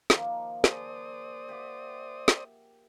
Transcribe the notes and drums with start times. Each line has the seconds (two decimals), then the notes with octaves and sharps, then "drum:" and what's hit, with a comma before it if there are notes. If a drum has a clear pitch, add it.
0.10 D#3 F3 A#3, drum: snare
0.64 G#4 C5 D5 D#6, drum: snare
1.49 G4 E5 F#5
2.28 drum: snare